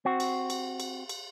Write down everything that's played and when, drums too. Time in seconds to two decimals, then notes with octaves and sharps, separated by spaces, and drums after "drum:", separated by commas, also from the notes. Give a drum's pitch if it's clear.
0.05 C4 F#4
0.20 drum: cymbal
0.50 drum: cymbal
0.80 drum: cymbal
1.09 drum: cymbal